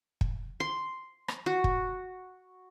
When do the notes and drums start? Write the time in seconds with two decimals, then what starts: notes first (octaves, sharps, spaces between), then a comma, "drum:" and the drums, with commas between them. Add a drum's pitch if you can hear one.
0.21 drum: kick
0.60 C6
1.28 drum: rim click
1.46 F#4
1.64 drum: kick